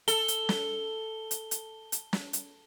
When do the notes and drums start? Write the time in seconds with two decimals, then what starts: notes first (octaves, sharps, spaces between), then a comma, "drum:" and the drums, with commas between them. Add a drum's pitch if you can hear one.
0.08 A4 G7, drum: hi-hat
0.28 drum: hi-hat
0.49 drum: snare
1.31 drum: hi-hat
1.51 drum: hi-hat
1.92 drum: hi-hat
2.13 drum: snare
2.33 drum: hi-hat